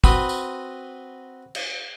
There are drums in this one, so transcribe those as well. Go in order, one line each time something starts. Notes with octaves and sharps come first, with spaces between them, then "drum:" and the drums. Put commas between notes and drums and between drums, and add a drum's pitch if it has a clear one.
C4 F#4 B4 B5 C6 D#6, drum: kick
drum: tambourine
drum: cymbal